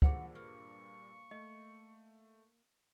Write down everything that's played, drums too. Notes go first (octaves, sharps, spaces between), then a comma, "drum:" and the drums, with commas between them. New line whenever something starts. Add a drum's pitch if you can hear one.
G2 A#2 F#4 G#4 C5, drum: kick
A#3 C#6
A3 D#5